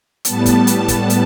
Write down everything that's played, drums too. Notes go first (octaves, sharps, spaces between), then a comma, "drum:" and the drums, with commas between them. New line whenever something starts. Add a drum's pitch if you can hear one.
A2 G3 B3 A5, drum: hi-hat
drum: kick, hi-hat
drum: hi-hat
drum: kick, hi-hat
drum: hi-hat